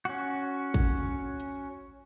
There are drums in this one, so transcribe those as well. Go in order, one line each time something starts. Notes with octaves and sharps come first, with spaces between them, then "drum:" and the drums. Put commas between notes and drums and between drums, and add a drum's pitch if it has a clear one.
C#4 F#4
drum: kick
drum: hi-hat